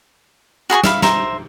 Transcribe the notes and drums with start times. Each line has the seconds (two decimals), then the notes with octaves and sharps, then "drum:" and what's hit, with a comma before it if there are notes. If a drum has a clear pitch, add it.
0.70 F#4 G#4 B5 C#6
0.84 E5 F5 B5, drum: snare
1.02 C5 E5 A#5, drum: snare